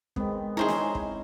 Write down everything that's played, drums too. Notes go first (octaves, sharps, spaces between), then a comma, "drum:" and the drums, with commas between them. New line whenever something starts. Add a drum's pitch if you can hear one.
D#3 G#3 B3 C4, drum: kick
G#3 C4 C#4 D#4 E4 G#4 C5 A#5
drum: snare
drum: kick